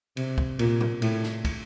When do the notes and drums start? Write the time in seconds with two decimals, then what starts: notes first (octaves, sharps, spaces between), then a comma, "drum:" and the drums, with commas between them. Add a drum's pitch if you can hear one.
0.17 C3, drum: cymbal
0.38 drum: kick
0.59 A#2, drum: cymbal
0.80 drum: tom
1.02 A2, drum: cymbal
1.23 drum: snare
1.45 drum: kick, cymbal